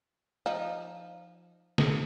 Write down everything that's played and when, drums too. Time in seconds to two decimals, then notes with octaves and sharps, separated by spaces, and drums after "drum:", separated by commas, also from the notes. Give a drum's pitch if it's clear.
0.46 F3 D#4
1.78 drum: snare